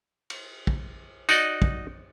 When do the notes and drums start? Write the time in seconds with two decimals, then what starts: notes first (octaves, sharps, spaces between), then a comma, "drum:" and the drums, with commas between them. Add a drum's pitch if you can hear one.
0.30 drum: cymbal
0.67 drum: kick
1.29 D#4 F#4 D5 D#5, drum: tambourine
1.62 drum: kick